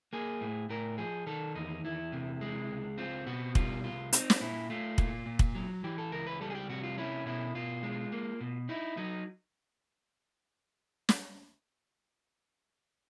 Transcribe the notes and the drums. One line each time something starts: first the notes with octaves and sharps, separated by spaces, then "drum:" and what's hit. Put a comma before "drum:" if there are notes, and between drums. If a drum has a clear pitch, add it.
A#3 G#4
A2
A2 A#4
F3 G#4
D#3 A4
E2 D#4
E2 E4
C3
G#3
C#2
C4 F4
B2 F#4
G3 F4, drum: kick
C2 F4
C4 D#4, drum: hi-hat
drum: snare
A#2 E4
A3 F4
A#2, drum: kick
A#2
drum: kick
F#3
E3 G4
A4
C#2 A#4
B4
G3 A4
G#4
G4
C3 F#4
F4
C#4 E4
B2 E4
B2 F4
G#3
A#3
B2
D#4 E4
F#3 D#4
drum: snare